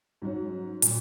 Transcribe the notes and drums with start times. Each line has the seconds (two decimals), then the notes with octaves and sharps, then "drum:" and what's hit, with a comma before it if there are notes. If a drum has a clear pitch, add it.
0.22 G#2 F#3 C#4 F#4
0.82 A#2 F#3, drum: hi-hat